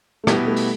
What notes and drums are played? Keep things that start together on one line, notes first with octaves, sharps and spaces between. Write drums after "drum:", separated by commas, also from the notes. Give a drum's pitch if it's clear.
A3
B2 G3 B3 E4 G4, drum: rim click
A3
drum: open hi-hat